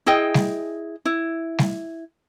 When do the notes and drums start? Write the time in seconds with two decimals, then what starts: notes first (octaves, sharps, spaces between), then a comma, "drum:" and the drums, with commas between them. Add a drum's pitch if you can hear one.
0.06 E4 G#4 D#5 G5
0.34 drum: snare G3
1.05 E4
1.59 drum: snare G3